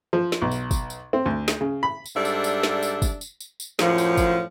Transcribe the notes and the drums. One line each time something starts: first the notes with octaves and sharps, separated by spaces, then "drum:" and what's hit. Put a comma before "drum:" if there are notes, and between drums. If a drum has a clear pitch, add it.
F3
drum: snare
B1
drum: tambourine
drum: kick, tambourine
drum: tambourine
C4
D2
drum: snare
C#3
B5
drum: tambourine
G#2 G3 D4 A4 E5
drum: tambourine
drum: tambourine
drum: snare
drum: tambourine
drum: kick, tambourine
drum: tambourine
drum: tambourine
drum: tambourine
F#2 A2 F3, drum: snare
drum: tambourine
drum: kick, tambourine